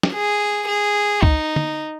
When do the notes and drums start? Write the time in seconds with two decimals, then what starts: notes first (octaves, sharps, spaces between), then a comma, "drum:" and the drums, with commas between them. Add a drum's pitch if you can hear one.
0.03 drum: snare
0.14 G#4
0.68 G#4
1.23 D#4, drum: kick C2
1.56 drum: tom